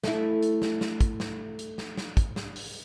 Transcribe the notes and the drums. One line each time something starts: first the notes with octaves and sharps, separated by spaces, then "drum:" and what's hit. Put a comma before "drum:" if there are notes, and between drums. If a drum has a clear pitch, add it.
A3 E4, drum: snare
drum: hi-hat
drum: snare
drum: snare
drum: kick, hi-hat
drum: snare
drum: hi-hat
drum: snare
drum: snare
drum: kick, hi-hat
drum: snare
drum: open hi-hat